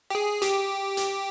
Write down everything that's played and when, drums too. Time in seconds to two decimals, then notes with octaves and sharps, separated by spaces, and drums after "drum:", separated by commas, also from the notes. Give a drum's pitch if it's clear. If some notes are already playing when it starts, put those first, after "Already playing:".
0.10 G4
0.15 G#4
0.42 G4, drum: hi-hat
0.97 drum: hi-hat